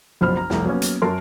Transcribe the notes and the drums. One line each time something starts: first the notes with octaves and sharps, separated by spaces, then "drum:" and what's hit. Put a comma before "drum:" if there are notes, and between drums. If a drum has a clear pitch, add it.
F#1 B1 F3 C5 B5 F6
A#5
F1 C2 A3 A#5, drum: snare
F#3 A#3 B3 C#4
drum: hi-hat
F#2 C#4 F#4 A#4 A5 C6